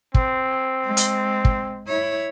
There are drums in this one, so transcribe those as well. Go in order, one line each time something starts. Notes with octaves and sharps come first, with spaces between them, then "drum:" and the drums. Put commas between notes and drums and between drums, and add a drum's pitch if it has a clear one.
C4, drum: kick
G#3
drum: hi-hat
drum: kick
E4 C#5